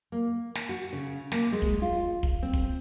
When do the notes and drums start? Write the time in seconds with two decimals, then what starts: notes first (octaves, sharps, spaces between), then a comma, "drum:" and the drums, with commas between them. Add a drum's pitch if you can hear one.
0.12 A#3
0.55 drum: snare
0.69 F#4
0.93 C#3
1.32 A#3, drum: snare
1.52 G#3
1.62 drum: kick
1.82 F4
2.23 drum: kick
2.43 C4
2.53 drum: kick